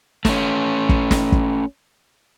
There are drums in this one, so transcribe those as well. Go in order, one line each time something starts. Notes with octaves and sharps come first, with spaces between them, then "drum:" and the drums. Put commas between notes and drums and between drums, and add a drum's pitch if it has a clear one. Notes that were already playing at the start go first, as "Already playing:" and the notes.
A3 C#4, drum: snare
drum: kick
drum: snare
drum: kick